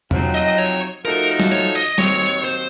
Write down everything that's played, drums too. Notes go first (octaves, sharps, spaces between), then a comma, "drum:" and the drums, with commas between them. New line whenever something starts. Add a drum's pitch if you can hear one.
F2 C3 F#3 C4 D#4, drum: tom E2
D#5
C#5
F3 A3 D#4 F#4 A4 A#4
drum: snare
C#5
D#5
D#2 D#3 F#3 C4 C#5, drum: snare
drum: hi-hat
C5